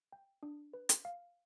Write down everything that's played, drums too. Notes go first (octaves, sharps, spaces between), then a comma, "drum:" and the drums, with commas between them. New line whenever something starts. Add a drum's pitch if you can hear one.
G5
D4
B4
drum: hi-hat
F5